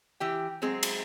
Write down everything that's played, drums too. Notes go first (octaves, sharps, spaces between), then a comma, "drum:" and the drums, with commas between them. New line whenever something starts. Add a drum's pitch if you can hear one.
E3 G4 G5
F#3 G#3 C4 G#4
drum: cymbal